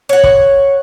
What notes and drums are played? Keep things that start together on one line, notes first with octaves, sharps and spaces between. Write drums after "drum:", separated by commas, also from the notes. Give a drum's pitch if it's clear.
C#5 F#5
drum: kick